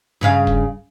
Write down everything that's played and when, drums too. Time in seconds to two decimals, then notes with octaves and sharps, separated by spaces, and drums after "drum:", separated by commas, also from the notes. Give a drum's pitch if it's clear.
0.21 G2 C#3 F5
0.47 drum: kick